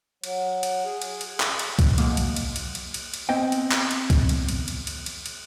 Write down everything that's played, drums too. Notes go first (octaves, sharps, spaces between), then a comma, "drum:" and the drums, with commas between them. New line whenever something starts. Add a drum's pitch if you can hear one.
F#3, drum: cymbal
drum: cymbal
G#4
drum: cymbal
drum: cymbal
drum: clap
drum: cymbal
drum: kick C2, cymbal
B1 B2 G#3 A#3, drum: cymbal
drum: cymbal
drum: cymbal
drum: cymbal
drum: cymbal
drum: cymbal
drum: cymbal
B3 C4 C5 D#5 G5
drum: cymbal
drum: clap
drum: cymbal
drum: kick C2, cymbal
drum: cymbal
drum: cymbal
drum: cymbal
drum: cymbal
drum: cymbal
drum: cymbal